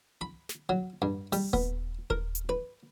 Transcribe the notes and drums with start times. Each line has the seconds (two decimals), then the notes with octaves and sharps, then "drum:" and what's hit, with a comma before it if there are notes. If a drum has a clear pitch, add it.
0.21 B5
0.49 drum: snare
0.69 F#3
1.02 G2
1.33 G3, drum: open hi-hat
1.53 B3, drum: kick D#1
2.10 A#4, drum: kick D#1
2.35 drum: hi-hat
2.49 B4